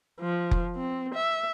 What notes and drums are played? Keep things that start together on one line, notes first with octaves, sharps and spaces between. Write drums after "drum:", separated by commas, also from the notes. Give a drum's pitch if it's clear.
F3
drum: kick F1
C4
E5